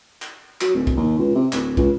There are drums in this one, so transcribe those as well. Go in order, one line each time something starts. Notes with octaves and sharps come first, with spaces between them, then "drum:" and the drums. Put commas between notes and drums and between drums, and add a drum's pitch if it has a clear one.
drum: clap
F#3, drum: clap
D1
drum: kick
D#2
C#2
C3
D1, drum: clap
C#2, drum: kick